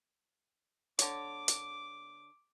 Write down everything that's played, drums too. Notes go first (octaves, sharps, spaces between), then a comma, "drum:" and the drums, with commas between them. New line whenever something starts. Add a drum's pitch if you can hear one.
D3 C#5 D6, drum: hi-hat
drum: hi-hat